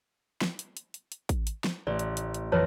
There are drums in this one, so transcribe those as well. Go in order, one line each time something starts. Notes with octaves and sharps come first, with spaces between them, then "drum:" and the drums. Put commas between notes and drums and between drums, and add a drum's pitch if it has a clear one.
drum: snare
drum: hi-hat
drum: hi-hat
drum: hi-hat
drum: hi-hat
drum: kick, hi-hat
drum: hi-hat
drum: snare
A1 D5
drum: hi-hat
drum: hi-hat
drum: hi-hat
F2 E3 B4 C#5 A5 A#5